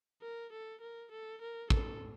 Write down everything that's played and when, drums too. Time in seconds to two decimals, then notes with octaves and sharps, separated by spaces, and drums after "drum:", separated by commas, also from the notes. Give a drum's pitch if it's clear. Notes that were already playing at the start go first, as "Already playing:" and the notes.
0.22 A#4
0.52 A4
0.81 A#4
1.11 A4
1.41 A#4
1.70 A4, drum: kick